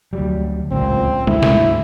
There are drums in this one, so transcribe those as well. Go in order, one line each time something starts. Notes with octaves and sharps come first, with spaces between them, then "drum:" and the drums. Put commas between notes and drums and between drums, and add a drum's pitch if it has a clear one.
D2 F#3 G3
D1 C#2 A#2 C4
D2 G#2 E4, drum: tom
drum: snare